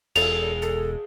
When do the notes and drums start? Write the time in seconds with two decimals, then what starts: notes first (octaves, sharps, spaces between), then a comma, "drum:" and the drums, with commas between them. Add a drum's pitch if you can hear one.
0.16 E1 G#3 A4 F7, drum: cymbal
0.62 A4